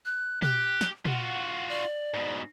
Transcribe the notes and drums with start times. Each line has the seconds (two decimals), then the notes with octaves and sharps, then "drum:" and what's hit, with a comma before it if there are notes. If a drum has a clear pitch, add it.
0.05 F#6
0.42 G4 F#6, drum: tom
0.81 drum: snare
1.05 F4 F#4 F#5, drum: tom
1.69 D5
2.14 G#2 B2